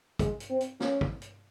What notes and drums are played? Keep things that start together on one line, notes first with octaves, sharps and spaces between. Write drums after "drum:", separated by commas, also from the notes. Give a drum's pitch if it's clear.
G#3, drum: kick, hi-hat
drum: hi-hat
C4
drum: hi-hat
C#4, drum: snare
drum: kick
drum: hi-hat